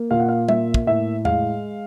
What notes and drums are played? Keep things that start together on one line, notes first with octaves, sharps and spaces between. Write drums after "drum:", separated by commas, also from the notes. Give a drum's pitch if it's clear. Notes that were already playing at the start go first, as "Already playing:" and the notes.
Already playing: A#3
A#2 F5
F#5
F5
A#3 E5, drum: tom G3
drum: kick
A2 E5
G#3 F5, drum: tom E2